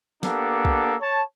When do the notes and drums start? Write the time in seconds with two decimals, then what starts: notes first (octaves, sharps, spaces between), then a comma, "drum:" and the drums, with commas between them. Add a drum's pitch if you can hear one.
0.23 A#3 B3 D4 G4 A4, drum: snare
0.65 drum: kick
1.02 C#5 A5